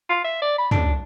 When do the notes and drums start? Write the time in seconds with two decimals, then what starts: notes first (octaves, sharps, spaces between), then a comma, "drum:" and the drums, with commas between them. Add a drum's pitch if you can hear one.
0.09 F4
0.24 E5
0.42 D5
0.58 B5
0.71 D4, drum: tom